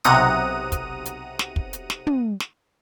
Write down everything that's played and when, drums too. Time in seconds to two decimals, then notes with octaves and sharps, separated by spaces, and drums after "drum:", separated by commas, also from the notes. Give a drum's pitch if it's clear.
0.04 B1 C3 F#5 A#5 D#6 D#7, drum: hi-hat
0.72 drum: kick, hi-hat
1.06 drum: hi-hat
1.39 drum: snare
1.56 drum: kick
1.73 drum: hi-hat
1.90 drum: snare
2.07 drum: tom
2.40 drum: snare